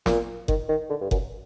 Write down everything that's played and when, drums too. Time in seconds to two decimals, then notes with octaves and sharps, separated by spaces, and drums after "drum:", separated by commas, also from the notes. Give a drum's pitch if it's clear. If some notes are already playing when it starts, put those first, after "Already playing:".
0.06 A#2, drum: snare
0.48 D#3, drum: kick F#1
0.69 D#3
0.90 D3
1.01 G2
1.11 F#2, drum: kick F#1